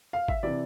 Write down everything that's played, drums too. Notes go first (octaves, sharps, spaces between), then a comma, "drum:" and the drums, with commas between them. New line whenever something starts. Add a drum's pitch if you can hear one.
F5
E5, drum: kick G1
C3 E3 D5